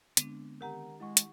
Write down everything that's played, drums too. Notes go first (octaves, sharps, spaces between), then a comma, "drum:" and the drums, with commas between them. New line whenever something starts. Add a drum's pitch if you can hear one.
D3 G#3 B3 C4 D4, drum: hi-hat
D#3 G4 A#4 F#5 A#5
G#3 E4 F#5 C#6
drum: hi-hat